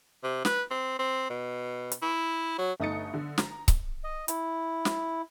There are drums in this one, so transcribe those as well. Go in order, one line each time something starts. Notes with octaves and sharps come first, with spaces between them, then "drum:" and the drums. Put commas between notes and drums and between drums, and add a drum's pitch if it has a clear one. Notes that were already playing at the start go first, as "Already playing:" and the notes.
C3
B4, drum: snare
C4
C4
B2
drum: hi-hat
E4
F#3
G1 A3 D#4 D#6 A6 C#7
D3
A#5, drum: snare
drum: kick C#1, hi-hat
D#5
E4, drum: hi-hat
drum: snare